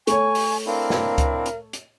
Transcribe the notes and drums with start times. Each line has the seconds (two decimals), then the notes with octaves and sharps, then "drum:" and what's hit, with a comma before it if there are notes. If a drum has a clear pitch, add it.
0.07 A3 C#5 G#5 C#6, drum: hi-hat
0.35 drum: open hi-hat
0.66 C4 D4 E4 A#4 F5
0.90 drum: snare
1.18 drum: kick C#2, hi-hat
1.46 drum: hi-hat
1.73 drum: hi-hat